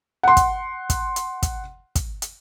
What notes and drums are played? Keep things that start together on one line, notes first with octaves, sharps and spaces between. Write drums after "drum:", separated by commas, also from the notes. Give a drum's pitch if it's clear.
F#5 C6
drum: kick, hi-hat
drum: kick, hi-hat
drum: hi-hat
drum: kick, hi-hat
drum: kick, hi-hat
drum: hi-hat